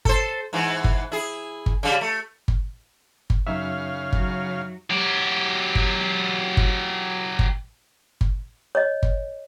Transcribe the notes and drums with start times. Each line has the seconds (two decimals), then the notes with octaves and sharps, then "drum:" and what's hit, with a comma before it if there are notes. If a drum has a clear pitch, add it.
0.05 A4 C5, drum: kick G1
0.53 G#2 E3
0.84 drum: kick G1
1.12 E4 G#4
1.66 drum: kick G1
1.83 C#3 G3
2.01 A3
2.48 drum: kick G1
3.30 drum: kick G1
3.47 F#2 C#3 D#4 E5 F5
4.12 F#3, drum: kick G1
4.90 F#3 G4
5.75 drum: kick G1
6.57 drum: kick G1
7.39 drum: kick G1
8.21 drum: kick G1
8.75 C#5 D#5
9.03 drum: kick G1